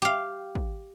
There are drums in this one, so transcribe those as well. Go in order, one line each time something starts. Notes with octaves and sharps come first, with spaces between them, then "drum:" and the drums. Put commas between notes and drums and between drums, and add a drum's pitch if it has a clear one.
G4 F5
drum: kick